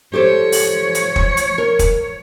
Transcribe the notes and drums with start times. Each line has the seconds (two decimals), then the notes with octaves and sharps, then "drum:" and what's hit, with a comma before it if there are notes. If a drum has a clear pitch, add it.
0.13 F3 G4 A4 C5 C#5
0.52 drum: open hi-hat
0.95 drum: hi-hat
1.16 drum: kick
1.37 drum: hi-hat
1.58 A#4
1.79 drum: kick, hi-hat